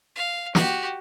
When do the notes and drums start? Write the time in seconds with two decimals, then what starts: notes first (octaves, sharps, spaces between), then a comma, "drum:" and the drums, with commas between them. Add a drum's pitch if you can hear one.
0.16 F5
0.55 F#4 G4, drum: snare